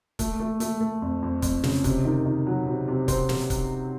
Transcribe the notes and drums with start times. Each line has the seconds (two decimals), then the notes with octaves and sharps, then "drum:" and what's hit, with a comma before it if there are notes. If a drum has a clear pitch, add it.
0.19 A3, drum: kick C#1, hi-hat
0.40 A3
0.60 A3, drum: hi-hat
0.81 A3
1.02 F2
1.22 F2
1.42 F2, drum: kick C#1, hi-hat
1.63 C#3, drum: snare
1.84 C3, drum: kick C#1, hi-hat
2.05 D#3
2.26 D#3
2.46 F#3
2.67 C3
2.88 C3
3.08 C4, drum: kick C#1, hi-hat
3.29 C3, drum: snare
3.50 drum: kick C#1, hi-hat